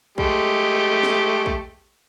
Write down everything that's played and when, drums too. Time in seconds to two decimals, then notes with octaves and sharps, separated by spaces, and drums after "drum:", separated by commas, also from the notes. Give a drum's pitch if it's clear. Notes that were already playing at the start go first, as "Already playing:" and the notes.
0.18 G#3 A3 G4, drum: kick
1.03 drum: snare
1.46 drum: kick